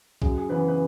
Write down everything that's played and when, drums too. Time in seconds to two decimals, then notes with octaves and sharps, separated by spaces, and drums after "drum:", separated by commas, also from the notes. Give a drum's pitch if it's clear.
0.22 F#2 G#4, drum: kick B1
0.38 G#4
0.49 C#3 E3 B3 B4
0.68 B4